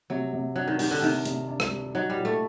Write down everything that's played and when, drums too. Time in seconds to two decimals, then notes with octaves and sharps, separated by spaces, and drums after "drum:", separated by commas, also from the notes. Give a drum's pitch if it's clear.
0.10 C3 F#3
0.33 C3
0.56 F#3 D4
0.68 D#3
0.79 D#3 G3, drum: open hi-hat
0.91 D3
1.02 C3 D#3
1.25 C3, drum: hi-hat
1.48 D4
1.60 drum: rim click
1.71 G3
1.94 F#3 D#4
2.10 G3
2.17 A#2
2.25 A3